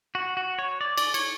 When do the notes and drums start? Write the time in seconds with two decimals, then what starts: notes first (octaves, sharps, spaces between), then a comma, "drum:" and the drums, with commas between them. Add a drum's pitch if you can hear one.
0.15 F#4
0.37 F#4
0.59 C#5
0.81 D5
0.98 D5, drum: cymbal
1.14 C#5, drum: cymbal